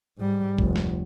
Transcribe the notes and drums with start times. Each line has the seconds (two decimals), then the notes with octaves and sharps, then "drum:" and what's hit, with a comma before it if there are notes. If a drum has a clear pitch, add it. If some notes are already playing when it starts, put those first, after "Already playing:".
0.18 G#2 G3
0.58 F1 D2, drum: kick
0.76 drum: snare